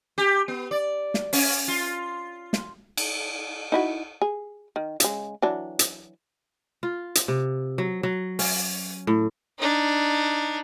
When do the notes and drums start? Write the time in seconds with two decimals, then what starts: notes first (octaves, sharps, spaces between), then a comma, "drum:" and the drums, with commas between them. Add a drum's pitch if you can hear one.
0.18 G4
0.48 B3
0.71 D5
1.14 drum: snare
1.33 C#4, drum: open hi-hat
1.68 F4
2.53 drum: snare
2.97 drum: cymbal
3.72 D#4 E4 F#4
4.22 G#4
4.76 D#3
5.00 C#3 G#3, drum: hi-hat
5.42 E3 F#3 D4
5.79 drum: hi-hat
6.83 F4
7.15 drum: hi-hat
7.28 C3
7.78 F#3
8.03 F#3
8.39 C#4, drum: open hi-hat
9.07 A2
9.59 D4 D#4